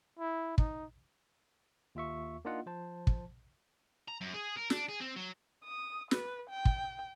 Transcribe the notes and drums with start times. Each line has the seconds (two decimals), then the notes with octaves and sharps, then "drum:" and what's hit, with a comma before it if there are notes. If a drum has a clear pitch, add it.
0.19 E4
0.58 D#4, drum: kick
1.95 D#2 F4 E5 C#6
2.45 A#3 D4 D#4 F4 D#5 F#5
2.66 F3 C5 A5
3.07 drum: kick
4.08 A#5
4.21 F#2
4.34 G#4
4.57 A#4
4.70 D4, drum: snare
4.89 G#4
5.00 C4
5.16 F#3
5.64 D#6
6.11 B4, drum: snare
6.50 G5
6.65 drum: kick